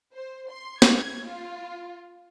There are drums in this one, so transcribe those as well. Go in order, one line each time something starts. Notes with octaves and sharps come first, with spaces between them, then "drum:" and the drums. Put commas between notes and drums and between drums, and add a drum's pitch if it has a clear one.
C5
C6
G#6, drum: snare
F4